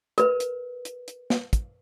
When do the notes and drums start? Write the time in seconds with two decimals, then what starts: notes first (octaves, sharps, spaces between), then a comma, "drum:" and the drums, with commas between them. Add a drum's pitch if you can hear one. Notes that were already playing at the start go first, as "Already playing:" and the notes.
0.18 A#4 B4, drum: hi-hat
0.40 drum: hi-hat
0.85 drum: hi-hat
1.08 drum: hi-hat
1.30 drum: snare
1.53 drum: kick, hi-hat